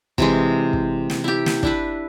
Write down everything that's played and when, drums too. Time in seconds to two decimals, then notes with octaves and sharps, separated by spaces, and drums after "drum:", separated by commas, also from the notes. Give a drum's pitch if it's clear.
0.18 C3 E3 G#3, drum: kick
0.73 drum: kick
1.10 drum: snare
1.24 E4 G4
1.46 drum: snare
1.63 D4 E4 B4, drum: kick